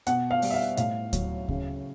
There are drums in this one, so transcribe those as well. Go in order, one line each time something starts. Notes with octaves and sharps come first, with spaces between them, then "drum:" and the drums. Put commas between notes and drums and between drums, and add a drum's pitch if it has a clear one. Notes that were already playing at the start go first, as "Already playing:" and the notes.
B2 F#5, drum: hi-hat
F5
G3, drum: open hi-hat
E5
F5
A2 F5, drum: hi-hat
F#3, drum: kick D2, hi-hat
C#3, drum: kick D2